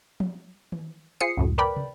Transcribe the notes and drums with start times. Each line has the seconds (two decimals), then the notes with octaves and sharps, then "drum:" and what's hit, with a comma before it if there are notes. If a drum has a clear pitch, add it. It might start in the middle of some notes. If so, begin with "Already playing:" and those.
0.20 drum: tom F3
0.72 drum: tom D#3
1.20 F4 G#4 C5 D#6 C7 C#7
1.37 C#2 F#2 A2
1.58 A#4 B4 D5 G5 B5
1.76 drum: tom